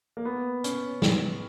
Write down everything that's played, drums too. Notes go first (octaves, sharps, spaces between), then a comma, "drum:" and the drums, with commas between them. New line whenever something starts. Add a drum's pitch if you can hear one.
A#3
B3
C#4, drum: hi-hat
drum: snare